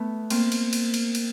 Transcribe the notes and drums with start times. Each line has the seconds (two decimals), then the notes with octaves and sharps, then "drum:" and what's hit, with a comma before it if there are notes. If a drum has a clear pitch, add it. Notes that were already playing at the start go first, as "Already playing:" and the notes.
Already playing: A3 B3
0.30 A#3 C4, drum: cymbal
0.52 drum: cymbal
0.73 drum: cymbal
0.94 drum: cymbal
1.15 drum: cymbal